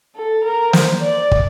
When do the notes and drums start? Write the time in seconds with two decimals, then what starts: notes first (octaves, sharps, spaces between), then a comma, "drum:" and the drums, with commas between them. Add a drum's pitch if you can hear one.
0.15 A4
0.44 A#4
0.73 C5, drum: snare
1.02 D5
1.31 drum: kick